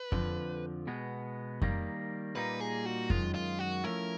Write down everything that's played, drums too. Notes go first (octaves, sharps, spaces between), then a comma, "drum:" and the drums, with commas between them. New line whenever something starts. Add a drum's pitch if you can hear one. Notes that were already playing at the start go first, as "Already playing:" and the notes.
Already playing: B4
F2 D3 F3, drum: kick F2
B2 G#3 B3
D#3 G3 A#3, drum: kick F2
A#2 G3 A#3 D#4 B4
G#4
F#4
F#2 D#3 G#3 F4, drum: kick F2
F4
F#4
F3 A3 C#4 E4 A#4